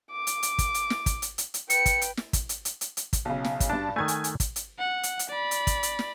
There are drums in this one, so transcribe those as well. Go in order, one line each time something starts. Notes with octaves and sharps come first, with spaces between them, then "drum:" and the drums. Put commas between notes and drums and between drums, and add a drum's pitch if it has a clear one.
D6
drum: hi-hat
drum: hi-hat
drum: kick, hi-hat
drum: hi-hat
drum: snare
drum: kick, hi-hat
drum: hi-hat
drum: hi-hat
drum: hi-hat
B4 G5 C#7, drum: hi-hat
drum: kick, hi-hat
drum: hi-hat
drum: snare
drum: kick, hi-hat
drum: hi-hat
drum: hi-hat
drum: hi-hat
drum: hi-hat
drum: kick, hi-hat
B1 C#3
drum: snare
drum: kick, hi-hat
G2 D4 A5
D#3 A3 G#5 G#6
drum: hi-hat
drum: hi-hat
drum: kick, hi-hat
drum: hi-hat
F#5
drum: hi-hat
drum: hi-hat
D5 B5
drum: hi-hat
drum: kick, hi-hat
drum: hi-hat
drum: snare